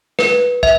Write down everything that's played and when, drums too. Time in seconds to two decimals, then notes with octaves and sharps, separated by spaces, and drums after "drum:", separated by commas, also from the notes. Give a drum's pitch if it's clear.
0.19 B4, drum: snare
0.63 E5, drum: kick